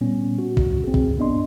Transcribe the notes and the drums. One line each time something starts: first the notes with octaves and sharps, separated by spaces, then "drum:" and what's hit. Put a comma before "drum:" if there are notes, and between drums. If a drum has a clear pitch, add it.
A#2 G3 B3 C#4
F#4
drum: kick
C4 G#4
drum: kick
G2 B3 D4 D#5 C6